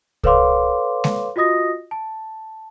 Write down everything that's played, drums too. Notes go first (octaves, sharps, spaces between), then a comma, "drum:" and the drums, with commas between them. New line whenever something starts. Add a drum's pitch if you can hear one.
A4 B4 C#5 F5 C6 D6, drum: kick C2
drum: snare G#3
F4 F#4 D#5 D#6 A#6
A5